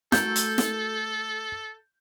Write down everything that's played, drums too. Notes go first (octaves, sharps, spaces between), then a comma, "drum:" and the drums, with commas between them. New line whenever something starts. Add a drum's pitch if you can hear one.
A3 F#4 A4 A#4 G6, drum: snare
drum: hi-hat
drum: snare